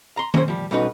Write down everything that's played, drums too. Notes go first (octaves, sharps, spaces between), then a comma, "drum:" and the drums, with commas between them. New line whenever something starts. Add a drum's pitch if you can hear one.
A#5 C6
A#3 C#4 G#4 A4 C5, drum: tom D#3
F3 G3
B1 G3 C#4 D#4 F#4 B4